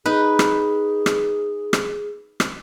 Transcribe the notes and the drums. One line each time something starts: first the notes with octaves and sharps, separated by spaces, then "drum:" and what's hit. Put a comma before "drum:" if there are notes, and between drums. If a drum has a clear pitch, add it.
D#4 G#4 B4
drum: rim click
drum: rim click
drum: rim click
drum: rim click